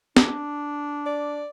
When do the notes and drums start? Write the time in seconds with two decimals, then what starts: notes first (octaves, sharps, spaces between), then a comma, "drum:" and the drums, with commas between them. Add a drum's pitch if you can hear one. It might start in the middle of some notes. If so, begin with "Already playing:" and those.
0.17 D4, drum: snare
1.06 D5